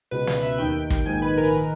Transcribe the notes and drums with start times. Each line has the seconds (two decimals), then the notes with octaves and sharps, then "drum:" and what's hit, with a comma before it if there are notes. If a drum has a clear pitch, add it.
0.11 C#2 B2 B4
0.27 drum: snare
0.43 E5
0.58 D#2 D#3 G5
0.90 drum: kick
1.06 A#1 G#2 D#3 G#5
1.22 B4
1.37 A#4
1.54 D#3 A#4